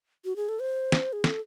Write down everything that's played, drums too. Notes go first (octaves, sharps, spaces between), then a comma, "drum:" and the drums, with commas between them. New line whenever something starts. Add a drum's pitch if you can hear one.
F#4
G#4
A4
C5
drum: snare
G#4
A4, drum: snare